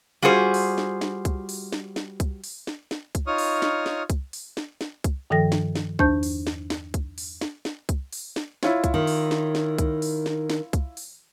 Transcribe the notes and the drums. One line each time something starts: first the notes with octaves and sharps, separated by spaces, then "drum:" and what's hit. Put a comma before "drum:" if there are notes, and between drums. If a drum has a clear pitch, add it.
G3 F4 F#4 G#4 C5
drum: open hi-hat
drum: snare
drum: snare
drum: kick C2, hi-hat
drum: open hi-hat
drum: snare
drum: snare
drum: kick C2, hi-hat
drum: open hi-hat
drum: snare
drum: snare
drum: kick C2, hi-hat
D#4 F4 C#5 C#6 D#6 F6
drum: open hi-hat
drum: snare
drum: snare
drum: kick C2, hi-hat
drum: open hi-hat
drum: snare
drum: snare
drum: kick C2, hi-hat
G2 D#3 F3 A4 G5 A#6
drum: snare
drum: snare
E2 D4 C5 A5 G6, drum: kick C2
drum: open hi-hat
drum: snare
drum: snare
drum: kick C2, hi-hat
drum: open hi-hat
drum: snare
drum: snare
drum: kick C2, hi-hat
drum: open hi-hat
drum: snare
E4 F4 C#5, drum: snare
drum: kick C2, hi-hat
D#3
drum: open hi-hat
drum: snare
drum: snare
drum: kick C2, hi-hat
drum: open hi-hat
drum: snare
drum: snare
drum: kick C2, hi-hat
drum: open hi-hat